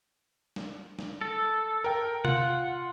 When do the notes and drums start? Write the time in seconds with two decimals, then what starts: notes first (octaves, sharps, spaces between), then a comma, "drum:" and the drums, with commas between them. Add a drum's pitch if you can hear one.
0.56 drum: snare
0.99 drum: snare
1.21 A4
1.84 A#4 G5
2.25 F4 F#5, drum: tom C3